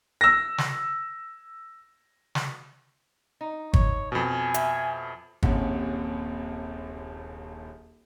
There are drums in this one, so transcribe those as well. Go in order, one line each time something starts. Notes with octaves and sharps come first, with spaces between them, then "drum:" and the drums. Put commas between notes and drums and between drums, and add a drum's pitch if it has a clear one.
E6 A#6
drum: snare
drum: snare
D#4
C#5, drum: kick
F2 B2 G#5
E5, drum: hi-hat
D#1 A#1 D#2 C3 C#4 F#5, drum: kick